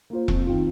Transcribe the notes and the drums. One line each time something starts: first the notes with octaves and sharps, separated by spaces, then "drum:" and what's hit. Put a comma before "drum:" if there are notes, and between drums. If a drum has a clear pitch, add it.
A#3 F4 C5
F2, drum: kick E1
D#3 C4 F4